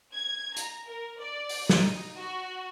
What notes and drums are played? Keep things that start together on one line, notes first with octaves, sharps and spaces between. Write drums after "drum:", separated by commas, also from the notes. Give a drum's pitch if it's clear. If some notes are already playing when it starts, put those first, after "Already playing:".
G#6
A#5, drum: hi-hat
A#4
D5
drum: open hi-hat
D#4, drum: snare
F#4